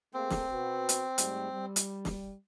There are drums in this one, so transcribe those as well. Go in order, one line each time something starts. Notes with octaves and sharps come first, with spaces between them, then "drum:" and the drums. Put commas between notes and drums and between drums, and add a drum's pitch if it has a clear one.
A3 A#3 C4 G#4
drum: snare
B2 F#4 B4
drum: hi-hat
G#2 G3 A3, drum: hi-hat
G3
drum: hi-hat
drum: snare